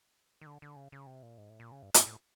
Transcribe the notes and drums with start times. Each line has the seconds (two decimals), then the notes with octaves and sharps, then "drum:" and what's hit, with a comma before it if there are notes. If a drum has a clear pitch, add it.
0.41 D#3
0.46 D3
0.62 D3
0.76 C#3
0.92 C#3
1.07 C3
1.23 A#2
1.38 G#2
1.50 A2
1.60 A#2
1.72 C#3
1.83 G2
1.94 G2, drum: hi-hat
2.06 A2